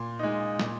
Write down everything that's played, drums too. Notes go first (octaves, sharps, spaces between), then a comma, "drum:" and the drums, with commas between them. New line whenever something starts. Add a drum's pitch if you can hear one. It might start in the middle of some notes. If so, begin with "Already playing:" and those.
Already playing: A#2 C6
G#3 D#4
A#2, drum: snare